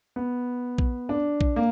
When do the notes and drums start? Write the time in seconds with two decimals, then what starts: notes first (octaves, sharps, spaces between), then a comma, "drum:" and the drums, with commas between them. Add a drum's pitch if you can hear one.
0.16 B3
0.78 drum: kick A#1
1.09 D4
1.41 drum: kick A#1
1.56 A#3